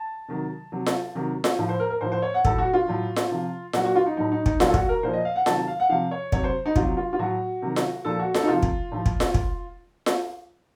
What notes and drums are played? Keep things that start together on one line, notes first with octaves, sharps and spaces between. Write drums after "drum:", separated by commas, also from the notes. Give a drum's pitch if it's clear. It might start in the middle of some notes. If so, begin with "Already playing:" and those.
Already playing: A5
C3 D#3 F#3
C3 F#3
drum: snare F4
C3 D#3 F#3
drum: snare F4
A2 F3
C5
A#4
A#4
A2 F3 C5
C5
C#5
F#5
A2 F#3 A4, drum: kick
F#4
F4
A2 F#3
drum: snare F4
C3 F3
A#2 F#3 F#4, drum: snare F4
F#4
F4
D#4
A2 F#3 D#4
D#4
D#4, drum: kick
A#2 F#3 F4, drum: snare F4
A4
F#4, drum: kick
A#4
A#2 F3 C5
D#5
F5
F#5
C3 D#3 F#3 A5, drum: snare F4
F5
F#5
C3 F3 F5
C#5
C3 F#3 C#5, drum: kick
C5
D#4
C3 F#3 F4, drum: kick
F4
F4
A2 F#3 F#4
C3 D#3 F#3
drum: snare F4
A#2 F3 A4
F#4
A4, drum: snare F4
D#4
C3 F3 F4
drum: kick
A2 F3
drum: kick
drum: snare F4
drum: kick
drum: snare F4